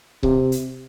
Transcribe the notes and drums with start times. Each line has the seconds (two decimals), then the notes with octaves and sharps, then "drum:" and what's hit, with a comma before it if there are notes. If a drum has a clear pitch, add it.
0.23 C3, drum: kick C#1
0.52 drum: hi-hat